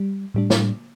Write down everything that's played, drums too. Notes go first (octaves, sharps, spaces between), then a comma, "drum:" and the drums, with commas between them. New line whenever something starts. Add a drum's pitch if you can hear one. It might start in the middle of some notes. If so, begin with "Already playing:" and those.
Already playing: G3
A2 G3 D4
drum: snare